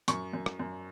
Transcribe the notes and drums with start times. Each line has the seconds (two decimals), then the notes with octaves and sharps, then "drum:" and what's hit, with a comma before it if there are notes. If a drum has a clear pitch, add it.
0.08 F#2 C#6, drum: hi-hat
0.33 F#2
0.46 drum: rim click
0.60 F#2